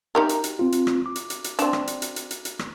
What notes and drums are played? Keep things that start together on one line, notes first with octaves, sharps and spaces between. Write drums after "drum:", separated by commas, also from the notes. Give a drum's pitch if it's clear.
D#4 G4 A#4
drum: hi-hat
drum: hi-hat
C4 F4
drum: hi-hat
drum: rim click
D6
drum: hi-hat
drum: hi-hat
drum: hi-hat
C4 D4, drum: hi-hat
drum: rim click
drum: hi-hat
drum: hi-hat
drum: hi-hat
drum: hi-hat
drum: hi-hat
drum: rim click